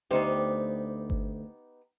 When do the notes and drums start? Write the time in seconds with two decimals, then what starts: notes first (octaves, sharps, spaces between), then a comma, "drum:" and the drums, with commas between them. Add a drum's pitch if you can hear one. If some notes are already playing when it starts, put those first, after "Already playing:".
0.11 D2 B3 D#4 G4 C5
1.10 drum: kick G1